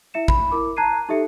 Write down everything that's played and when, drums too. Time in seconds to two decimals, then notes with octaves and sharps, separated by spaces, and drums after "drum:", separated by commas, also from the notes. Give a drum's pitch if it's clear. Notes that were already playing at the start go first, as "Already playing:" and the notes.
0.14 E4 E5 C#7 E7
0.28 B5, drum: kick
0.51 E4 A#4 D6
0.77 A5 A#5 F#6 G#6 C7 D#7
1.09 D#4 G4 A4 E5 C#7